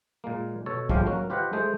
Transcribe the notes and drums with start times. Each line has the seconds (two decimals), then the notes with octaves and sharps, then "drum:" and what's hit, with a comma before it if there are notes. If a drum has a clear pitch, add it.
0.24 A#2 G#3 A#3
0.66 B2 A4 C#5 A5
0.89 F3 F#3 G#3 A3 G4 F5, drum: kick
1.05 F#3 A#3 C#4 F#4
1.30 F4 G4 B4 C5 D#5 F#5
1.53 G#3 A3 G#4 C5